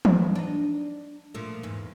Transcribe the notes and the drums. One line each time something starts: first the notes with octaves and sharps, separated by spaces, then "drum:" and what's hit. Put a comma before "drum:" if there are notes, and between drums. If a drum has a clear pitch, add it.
drum: tom E3
D4 D#4
A#2 F3 A3
E2 G#2